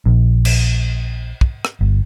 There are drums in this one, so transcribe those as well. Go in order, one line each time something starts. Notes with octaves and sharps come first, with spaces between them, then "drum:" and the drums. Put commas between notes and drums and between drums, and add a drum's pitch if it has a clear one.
A#1
drum: cymbal
drum: kick
drum: rim click
G1